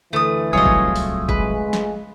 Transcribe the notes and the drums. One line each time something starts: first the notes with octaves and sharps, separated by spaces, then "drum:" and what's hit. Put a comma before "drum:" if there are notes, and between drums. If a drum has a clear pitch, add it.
D2 E3 A3 D#6
D1 C2 F#3 A3 F4 G#4 C#5 D#5
drum: kick
drum: open hi-hat
G#3 B4, drum: kick
drum: snare